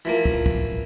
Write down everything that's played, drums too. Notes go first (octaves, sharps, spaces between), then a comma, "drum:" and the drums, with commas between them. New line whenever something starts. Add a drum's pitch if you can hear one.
E3 F3 A#3
drum: kick
drum: kick